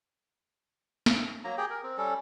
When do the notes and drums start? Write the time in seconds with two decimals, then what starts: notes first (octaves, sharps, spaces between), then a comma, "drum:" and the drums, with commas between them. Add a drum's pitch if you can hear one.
1.06 drum: snare
1.44 F#3 A#3 A#5
1.57 G4 G#4 G5
1.70 A#4
1.83 C4
1.97 G3 C#4 A4